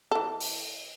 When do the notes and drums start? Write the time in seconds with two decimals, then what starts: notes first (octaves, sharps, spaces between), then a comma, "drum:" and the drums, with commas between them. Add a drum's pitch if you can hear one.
0.11 E3 A4
0.40 drum: open hi-hat